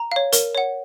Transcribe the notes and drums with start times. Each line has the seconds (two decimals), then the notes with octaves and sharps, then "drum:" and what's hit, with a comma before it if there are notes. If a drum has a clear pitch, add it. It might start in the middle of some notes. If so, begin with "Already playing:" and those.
Already playing: A#5
0.12 C#5 F5
0.32 A#4, drum: hi-hat
0.55 C#5 F#5